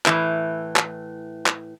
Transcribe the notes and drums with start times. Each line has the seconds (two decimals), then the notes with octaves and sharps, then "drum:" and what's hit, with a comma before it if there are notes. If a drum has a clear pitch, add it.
0.06 A2 E3, drum: clap
0.76 drum: clap
1.46 drum: clap